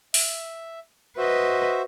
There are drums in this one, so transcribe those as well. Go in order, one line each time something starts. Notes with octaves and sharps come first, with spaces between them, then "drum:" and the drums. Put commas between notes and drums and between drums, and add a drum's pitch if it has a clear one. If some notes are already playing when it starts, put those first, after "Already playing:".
E5, drum: open hi-hat
F#4 B4 C5 D#5 E5